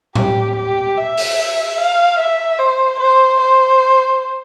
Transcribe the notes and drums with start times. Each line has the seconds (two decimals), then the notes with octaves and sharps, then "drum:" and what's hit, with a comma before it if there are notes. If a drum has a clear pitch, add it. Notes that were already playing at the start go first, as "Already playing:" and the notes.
0.15 G4, drum: tom A2
0.55 G4
0.97 E5
1.17 drum: open hi-hat
1.78 F5
2.19 E5
2.59 C5
2.99 C5
3.40 C5